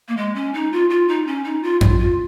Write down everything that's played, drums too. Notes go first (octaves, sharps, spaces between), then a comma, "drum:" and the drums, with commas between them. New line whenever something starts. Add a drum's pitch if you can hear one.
A#3
G#3
C#4
D#4
F4
F4
D#4
C#4
D#4
F4
F4, drum: tom F2
F4